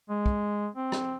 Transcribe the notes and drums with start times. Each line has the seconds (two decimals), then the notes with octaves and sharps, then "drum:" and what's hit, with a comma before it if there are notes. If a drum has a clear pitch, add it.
0.09 G#3
0.26 drum: kick
0.75 C4
0.92 drum: rim click